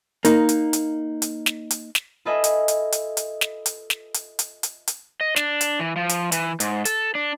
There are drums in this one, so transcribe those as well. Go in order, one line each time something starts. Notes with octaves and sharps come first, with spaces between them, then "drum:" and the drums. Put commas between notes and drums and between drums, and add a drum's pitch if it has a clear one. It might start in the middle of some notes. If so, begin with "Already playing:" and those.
A#3 D#4, drum: hi-hat
drum: hi-hat
drum: hi-hat
drum: hi-hat
drum: snare
drum: hi-hat
drum: snare
F4 A4 B4 D#5 E5 G#5
drum: hi-hat
drum: hi-hat
drum: hi-hat
drum: hi-hat
drum: snare
drum: hi-hat
drum: snare
drum: hi-hat
drum: hi-hat
drum: hi-hat
drum: hi-hat
D#5
D4, drum: snare
drum: hi-hat
E3
F3
drum: hi-hat
E3, drum: hi-hat
G#2, drum: hi-hat
A4, drum: hi-hat
D4